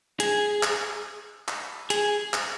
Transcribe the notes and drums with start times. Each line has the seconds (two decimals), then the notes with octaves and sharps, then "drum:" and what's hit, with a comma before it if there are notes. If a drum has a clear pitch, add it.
0.20 G#4, drum: hi-hat
0.63 drum: clap
1.48 drum: clap
1.90 G#4, drum: hi-hat
2.34 drum: clap